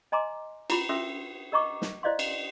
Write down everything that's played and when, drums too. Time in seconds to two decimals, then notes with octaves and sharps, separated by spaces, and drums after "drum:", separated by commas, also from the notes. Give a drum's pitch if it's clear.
0.12 D#5 G#5 A#5 C6 D6
0.70 E4 F4 B5, drum: cymbal
0.89 C#4 A4 E5 C6 E6
1.52 A#4 D#5 A#5 C#6 D6
1.82 drum: snare
2.03 E4 C5 D5 D#5 F5 C6
2.19 drum: cymbal